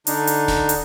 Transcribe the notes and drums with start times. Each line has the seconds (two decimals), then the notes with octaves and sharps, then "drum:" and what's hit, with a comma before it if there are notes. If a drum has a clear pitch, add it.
0.07 D3 D4 D#4, drum: hi-hat
0.27 drum: hi-hat
0.48 drum: snare D1
0.69 drum: hi-hat